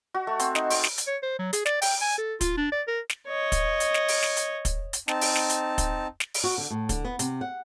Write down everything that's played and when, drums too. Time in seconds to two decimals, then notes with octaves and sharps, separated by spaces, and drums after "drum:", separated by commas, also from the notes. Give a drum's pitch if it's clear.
0.14 F#4
0.27 A3
0.39 C4, drum: hi-hat
0.55 D#4, drum: snare
0.70 C4, drum: open hi-hat
0.84 drum: snare
0.98 drum: hi-hat
1.07 C#5
1.23 C5
1.39 F#3
1.53 G#4, drum: hi-hat
1.66 D5, drum: snare
1.82 G5, drum: open hi-hat
2.02 G#5
2.18 A4
2.41 F4, drum: kick, hi-hat
2.58 D4
2.72 D5
2.88 A#4
3.10 drum: snare
3.28 C#5 D#5
3.52 drum: kick, hi-hat
3.80 drum: hi-hat
3.94 drum: snare
4.08 drum: open hi-hat
4.22 drum: snare
4.37 drum: hi-hat
4.65 drum: kick, hi-hat
4.93 drum: hi-hat
5.08 C4 D#4 A5, drum: snare
5.21 drum: open hi-hat
5.35 drum: snare
5.50 drum: hi-hat
5.78 drum: kick, hi-hat
6.20 drum: snare
6.34 drum: open hi-hat
6.44 F#4
6.58 D3
6.70 A2
6.89 D3, drum: kick, hi-hat
7.04 B3
7.19 C3, drum: hi-hat
7.41 F#5